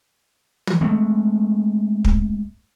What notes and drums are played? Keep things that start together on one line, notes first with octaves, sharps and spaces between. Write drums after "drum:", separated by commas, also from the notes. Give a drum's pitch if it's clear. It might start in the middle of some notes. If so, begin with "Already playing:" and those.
drum: tom
G#3 A3 B3 C4
drum: kick